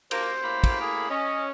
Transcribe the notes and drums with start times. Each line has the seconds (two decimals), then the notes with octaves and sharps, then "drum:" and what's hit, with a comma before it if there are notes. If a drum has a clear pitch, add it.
0.11 F3 A#3 C5, drum: cymbal
0.43 A2 A#3 B5
0.64 drum: kick, cymbal
0.81 G#4
1.10 C#4 D#5